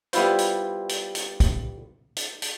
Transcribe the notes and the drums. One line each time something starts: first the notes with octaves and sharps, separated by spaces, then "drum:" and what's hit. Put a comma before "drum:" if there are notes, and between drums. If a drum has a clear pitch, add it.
G3 B3 E4 F4 C5, drum: hi-hat
drum: hi-hat
drum: hi-hat
drum: hi-hat
drum: kick, hi-hat
drum: hi-hat
drum: hi-hat